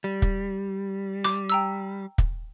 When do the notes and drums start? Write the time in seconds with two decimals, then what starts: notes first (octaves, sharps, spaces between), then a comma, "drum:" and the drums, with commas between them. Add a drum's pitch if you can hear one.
0.04 G3
0.22 drum: kick
1.24 D6, drum: rim click
1.50 G5 A#5 E6
2.18 drum: kick